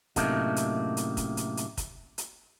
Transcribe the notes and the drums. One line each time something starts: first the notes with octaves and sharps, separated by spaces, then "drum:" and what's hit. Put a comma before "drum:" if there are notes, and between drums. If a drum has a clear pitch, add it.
F#2 A2 C3 A3 A#3 D#4, drum: kick, hi-hat
drum: hi-hat
drum: hi-hat
drum: kick, hi-hat
drum: hi-hat
drum: hi-hat
drum: kick, hi-hat
drum: hi-hat